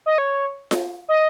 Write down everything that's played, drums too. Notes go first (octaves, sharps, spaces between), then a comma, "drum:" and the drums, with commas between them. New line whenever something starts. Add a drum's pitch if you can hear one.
D#5
C#5
drum: snare F4
D#5